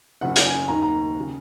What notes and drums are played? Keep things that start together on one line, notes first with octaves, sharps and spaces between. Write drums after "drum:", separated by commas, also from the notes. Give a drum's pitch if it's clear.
F#1 F#2 C#3 F#5
drum: hi-hat
G#5
D#2 D#3 A#5
A#5
C#3